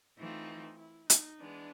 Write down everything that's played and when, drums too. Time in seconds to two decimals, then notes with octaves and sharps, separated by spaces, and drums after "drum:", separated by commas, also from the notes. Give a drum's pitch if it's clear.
0.18 E3 A3 C4 D#4 F4
0.79 E4
1.10 D#4, drum: hi-hat
1.40 E3 G#3 B3 D4